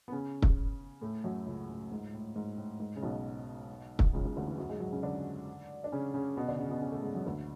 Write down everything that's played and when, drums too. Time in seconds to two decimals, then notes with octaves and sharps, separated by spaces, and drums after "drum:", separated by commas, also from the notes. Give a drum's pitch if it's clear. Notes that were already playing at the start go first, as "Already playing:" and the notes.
0.08 B3
0.12 C#3 C#4
0.42 drum: kick
1.01 A2 A3
1.24 F#2 F#3
1.46 C#2 C#3
1.68 A2
1.92 G#2
2.14 A2
2.36 G#2
2.58 A2
2.80 G#2
2.96 C#3
3.02 B1 B2
3.99 drum: kick
4.13 C#2 C#3
4.25 C#2 C#3
4.37 D2 D3
4.47 E2 E3
4.58 F#2 F#3
4.69 G#2 G#3
4.80 F#2 F#3
4.92 C#3 C#4
5.03 D3 D4
5.84 D4
5.92 C#3 C#4
6.14 C#3 C#4
6.36 B2 B3
6.48 D3 D4
6.58 C#3 C#4
6.70 B2 B3
6.81 C#3 C#4
6.92 A2 A3
7.03 G#2 G#3
7.15 F#2 F#3
7.26 D2 D3